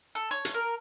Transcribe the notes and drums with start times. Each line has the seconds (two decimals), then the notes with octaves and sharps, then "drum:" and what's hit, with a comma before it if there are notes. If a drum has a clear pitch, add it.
0.15 A4
0.31 C#5
0.45 drum: hi-hat
0.54 A#4